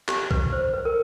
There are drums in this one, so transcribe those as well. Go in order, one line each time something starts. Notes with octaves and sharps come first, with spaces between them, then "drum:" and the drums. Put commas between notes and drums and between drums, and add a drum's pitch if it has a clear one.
G4, drum: clap
B4, drum: kick B1
C5
B4
A#4